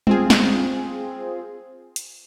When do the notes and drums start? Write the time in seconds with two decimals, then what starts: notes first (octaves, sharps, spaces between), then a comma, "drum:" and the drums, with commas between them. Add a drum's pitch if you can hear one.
0.07 C4 F4 G#4, drum: tom G3
0.30 drum: snare
1.96 drum: hi-hat